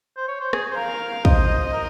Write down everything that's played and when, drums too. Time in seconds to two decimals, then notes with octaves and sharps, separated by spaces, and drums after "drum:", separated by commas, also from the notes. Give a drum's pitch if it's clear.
0.17 C5
0.28 C#5
0.41 C5
0.53 G#4, drum: rim click
0.72 C5
0.76 A#4 F5
1.25 C5 D#5, drum: kick
1.73 A#4